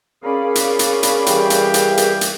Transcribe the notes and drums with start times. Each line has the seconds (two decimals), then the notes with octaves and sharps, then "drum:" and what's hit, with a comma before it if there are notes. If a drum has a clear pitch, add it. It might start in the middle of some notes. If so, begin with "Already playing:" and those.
0.23 C#4 G#4 A#4 D5 F5 B5
0.55 drum: hi-hat
0.79 drum: hi-hat
1.03 drum: hi-hat
1.26 E3 G3 G4, drum: hi-hat
1.50 drum: hi-hat
1.74 drum: hi-hat
1.97 drum: hi-hat
2.21 drum: hi-hat